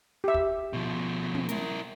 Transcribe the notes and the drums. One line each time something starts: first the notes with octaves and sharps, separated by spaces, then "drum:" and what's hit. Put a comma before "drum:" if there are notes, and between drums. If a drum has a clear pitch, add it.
G4 E5
drum: kick
B2 F3
drum: tom
E4 A#4, drum: hi-hat